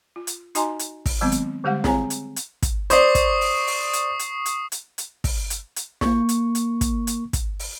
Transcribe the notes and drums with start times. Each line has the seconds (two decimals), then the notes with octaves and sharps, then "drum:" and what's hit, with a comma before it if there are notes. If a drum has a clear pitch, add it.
0.16 F4
0.27 drum: hi-hat
0.55 D#4 F#4 D#5 G#5 A#5 C6, drum: hi-hat
0.79 drum: hi-hat
1.06 drum: kick, open hi-hat
1.21 D#3 F#3 G#3 B3 C4
1.32 drum: hi-hat
1.64 D3 G3 G#3 G4 F5 F#5
1.84 C4 G#4 C#5 G#5 A#5, drum: snare
2.10 drum: hi-hat
2.36 drum: hi-hat
2.62 drum: kick, hi-hat
2.90 C5 D5 C#6 D#6 C7, drum: hi-hat
3.15 drum: kick, hi-hat
3.41 drum: open hi-hat
3.67 drum: open hi-hat
3.93 drum: hi-hat
4.19 drum: hi-hat
4.46 drum: hi-hat
4.72 drum: hi-hat
4.98 drum: hi-hat
5.24 drum: kick, open hi-hat
5.50 drum: hi-hat
5.76 drum: hi-hat
6.01 A#3 C#6, drum: snare
6.29 drum: hi-hat
6.55 drum: hi-hat
6.81 drum: kick, hi-hat
7.07 drum: hi-hat
7.33 drum: kick, hi-hat
7.59 drum: open hi-hat